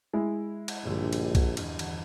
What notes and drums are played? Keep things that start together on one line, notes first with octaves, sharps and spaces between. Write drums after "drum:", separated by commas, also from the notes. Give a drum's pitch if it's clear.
G#3 E4
drum: cymbal
A#1 G2 D3 G3
drum: cymbal
drum: kick, cymbal
D#1 E2, drum: cymbal
drum: cymbal